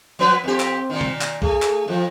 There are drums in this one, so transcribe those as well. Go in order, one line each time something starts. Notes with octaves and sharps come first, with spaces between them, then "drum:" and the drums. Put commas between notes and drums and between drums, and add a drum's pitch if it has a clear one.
F3 B3 B4
F2 C4 G4
drum: clap
A#2 D#3
drum: tom B2
drum: clap
A3 G#4, drum: kick
drum: clap
F2 F3